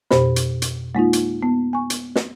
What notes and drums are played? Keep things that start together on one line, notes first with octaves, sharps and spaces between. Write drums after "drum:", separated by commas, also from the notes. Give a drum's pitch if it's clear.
F2 B2 G4 C5 B5, drum: snare
drum: hi-hat
drum: hi-hat
G#3 A#3 D#4 F4
drum: hi-hat
B3
G#5 C#6
drum: hi-hat
drum: snare